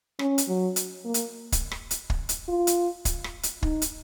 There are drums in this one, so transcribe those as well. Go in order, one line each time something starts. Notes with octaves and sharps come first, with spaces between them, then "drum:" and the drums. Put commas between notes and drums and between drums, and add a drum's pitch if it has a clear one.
C#4, drum: rim click
drum: hi-hat
F#3
drum: hi-hat
A#3
drum: hi-hat
drum: kick, hi-hat
drum: rim click
drum: hi-hat
drum: kick
drum: hi-hat
F4
drum: hi-hat
drum: kick, hi-hat
drum: rim click
drum: hi-hat
D#4, drum: kick
drum: hi-hat